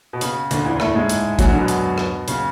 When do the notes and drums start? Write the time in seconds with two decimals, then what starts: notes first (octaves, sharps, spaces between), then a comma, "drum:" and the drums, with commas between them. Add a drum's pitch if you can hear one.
0.13 B2
0.21 C#3, drum: hi-hat
0.51 D2 D3, drum: hi-hat
0.65 E2 E3
0.80 A2 A3, drum: rim click
0.95 G#2 G#3
1.09 drum: hi-hat
1.39 F#2 F#3, drum: kick, hi-hat
1.48 D2 D3
1.58 B2
1.68 drum: hi-hat
1.98 drum: rim click
2.28 C#3, drum: hi-hat